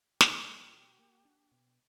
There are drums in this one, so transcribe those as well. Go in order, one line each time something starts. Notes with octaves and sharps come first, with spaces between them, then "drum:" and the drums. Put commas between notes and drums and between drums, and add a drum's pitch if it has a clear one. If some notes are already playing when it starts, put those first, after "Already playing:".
B2 G4, drum: snare
B2
B2
A#3
D4
B2